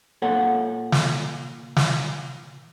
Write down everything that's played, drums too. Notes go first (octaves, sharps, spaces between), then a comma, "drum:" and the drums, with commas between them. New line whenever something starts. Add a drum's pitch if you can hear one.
A#2 A4 C#5 F#5
drum: snare
drum: snare